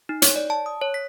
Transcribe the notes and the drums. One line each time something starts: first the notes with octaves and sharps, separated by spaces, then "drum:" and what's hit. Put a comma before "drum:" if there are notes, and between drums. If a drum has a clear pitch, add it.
D#4
C#5, drum: hi-hat
D5
A5
D#6
C#5
B6